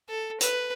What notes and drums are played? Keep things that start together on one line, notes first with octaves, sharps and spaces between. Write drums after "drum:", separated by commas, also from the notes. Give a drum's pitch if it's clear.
A4
B4, drum: hi-hat